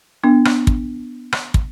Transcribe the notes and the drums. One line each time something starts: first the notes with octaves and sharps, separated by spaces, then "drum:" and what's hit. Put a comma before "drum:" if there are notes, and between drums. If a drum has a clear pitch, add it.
B3 D4
drum: rim click
drum: kick
drum: rim click
drum: kick